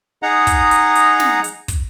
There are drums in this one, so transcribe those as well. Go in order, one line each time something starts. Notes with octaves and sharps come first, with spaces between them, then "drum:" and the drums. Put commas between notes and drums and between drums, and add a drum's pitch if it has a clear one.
D#4 G#4 D#5 F#5 A#5
drum: kick, hi-hat
drum: hi-hat
drum: hi-hat
drum: snare
drum: hi-hat
drum: kick, hi-hat